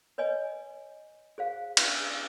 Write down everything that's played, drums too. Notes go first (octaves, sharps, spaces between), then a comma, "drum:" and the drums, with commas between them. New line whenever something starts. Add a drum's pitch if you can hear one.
B4 C#5 D#5 G#5
G#4 C5 F5
drum: cymbal